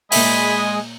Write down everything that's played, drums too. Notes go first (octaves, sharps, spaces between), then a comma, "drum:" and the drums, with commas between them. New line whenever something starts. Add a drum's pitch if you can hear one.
A#2 G#3 D#5 E5 G#5 B5, drum: open hi-hat